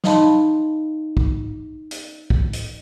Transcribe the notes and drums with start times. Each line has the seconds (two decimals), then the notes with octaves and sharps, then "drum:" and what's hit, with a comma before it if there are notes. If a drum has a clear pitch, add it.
0.04 D#4 D#5 F5 A5 B5 C6, drum: snare
1.17 drum: kick
1.91 drum: hi-hat
2.30 drum: kick
2.53 drum: hi-hat